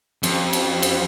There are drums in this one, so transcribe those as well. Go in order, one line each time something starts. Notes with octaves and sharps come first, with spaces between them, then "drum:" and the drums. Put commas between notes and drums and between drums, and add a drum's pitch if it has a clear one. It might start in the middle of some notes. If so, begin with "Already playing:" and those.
F2, drum: cymbal
drum: cymbal
drum: cymbal